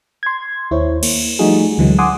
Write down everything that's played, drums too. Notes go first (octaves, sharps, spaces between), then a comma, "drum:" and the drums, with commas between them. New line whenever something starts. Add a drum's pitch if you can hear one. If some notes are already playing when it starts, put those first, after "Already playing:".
C6 G#6
D#2 E4 C5 C#5
A#3, drum: cymbal
F3 G3 A3 D#4 F#4 G#4
D2 D3 E3 F#3 G#3
F#5 G#5 C6 D6 D#6